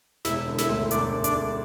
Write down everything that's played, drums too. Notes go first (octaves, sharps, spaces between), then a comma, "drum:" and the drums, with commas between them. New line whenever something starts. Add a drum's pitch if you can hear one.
E1 E4, drum: snare
D3
E4, drum: snare
D2
E1 D4, drum: hi-hat
E1
D4, drum: hi-hat
D3